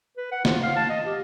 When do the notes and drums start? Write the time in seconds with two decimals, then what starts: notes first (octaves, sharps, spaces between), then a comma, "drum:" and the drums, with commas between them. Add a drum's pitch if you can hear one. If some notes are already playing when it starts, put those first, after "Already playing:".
0.17 B4
0.32 F#5
0.45 F4, drum: snare
0.62 F5
0.76 A5
0.90 D#5
1.06 G4